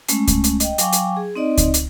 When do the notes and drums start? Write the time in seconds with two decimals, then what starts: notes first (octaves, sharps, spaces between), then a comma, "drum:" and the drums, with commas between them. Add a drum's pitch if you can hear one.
0.09 G#3 A3 C#4, drum: hi-hat
0.28 drum: kick C#2, hi-hat
0.44 drum: hi-hat
0.60 D#5 G5, drum: hi-hat
0.78 F#3 F5 G5 G#5 C#6 D6, drum: hi-hat
0.93 drum: hi-hat
1.17 G#4
1.36 C4 D#4 D5 D#5
1.58 drum: kick C#2, hi-hat
1.74 drum: hi-hat